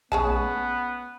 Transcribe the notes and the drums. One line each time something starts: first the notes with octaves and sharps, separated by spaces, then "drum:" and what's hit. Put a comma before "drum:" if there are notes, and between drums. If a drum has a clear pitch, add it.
C#3 B3 G#4 A5, drum: kick A#1
drum: tom G#3